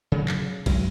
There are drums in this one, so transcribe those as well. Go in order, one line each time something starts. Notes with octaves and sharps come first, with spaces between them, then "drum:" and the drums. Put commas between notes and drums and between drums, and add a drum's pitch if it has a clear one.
C#3 F#3
drum: clap
F#2 F#3 G#3, drum: kick A#1, cymbal